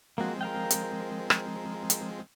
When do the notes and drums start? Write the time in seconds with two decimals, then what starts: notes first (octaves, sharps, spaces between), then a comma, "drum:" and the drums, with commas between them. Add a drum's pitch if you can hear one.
0.18 F3 G#3 A#3 C4 F#4
0.41 A#4 F5 G5
0.70 drum: hi-hat
1.30 drum: rim click
1.90 drum: hi-hat